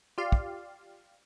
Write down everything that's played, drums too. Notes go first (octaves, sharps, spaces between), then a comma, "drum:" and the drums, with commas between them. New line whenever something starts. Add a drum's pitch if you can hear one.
F4 G4 D5 F5
drum: kick